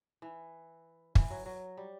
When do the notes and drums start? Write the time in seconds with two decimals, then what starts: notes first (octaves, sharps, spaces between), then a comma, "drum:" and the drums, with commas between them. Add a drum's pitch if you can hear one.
0.22 E3
1.15 E3, drum: kick
1.31 F#3
1.46 F#3
1.77 G3